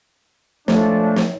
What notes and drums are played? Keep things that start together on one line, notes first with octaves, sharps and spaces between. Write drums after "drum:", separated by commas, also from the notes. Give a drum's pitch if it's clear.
F3 G#3 A3 D4 C#5, drum: snare
drum: snare